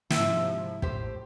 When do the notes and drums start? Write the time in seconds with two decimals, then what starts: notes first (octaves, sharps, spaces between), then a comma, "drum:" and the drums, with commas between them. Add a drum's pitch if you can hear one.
0.10 G#2 C3 F3 E4, drum: snare
0.82 A2 G4 C5, drum: kick